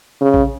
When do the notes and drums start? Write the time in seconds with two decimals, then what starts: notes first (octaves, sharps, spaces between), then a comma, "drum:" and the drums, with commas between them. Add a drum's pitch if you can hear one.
0.21 C#3
0.34 drum: kick A1